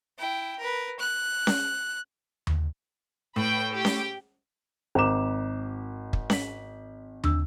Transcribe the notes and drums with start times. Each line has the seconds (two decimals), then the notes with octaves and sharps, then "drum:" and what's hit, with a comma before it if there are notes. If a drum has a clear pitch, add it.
0.18 E4 G5
0.58 A#4 B4
0.99 F#6
1.47 drum: snare C#4
2.47 drum: tom D#2
3.36 A2 B4 G5
3.73 G4 G5
3.85 drum: snare C#4
4.95 G#1 C5 A#5 D6 E7
6.13 drum: kick
6.30 B6 F#7, drum: snare C#4
7.24 D4 E6, drum: tom D#2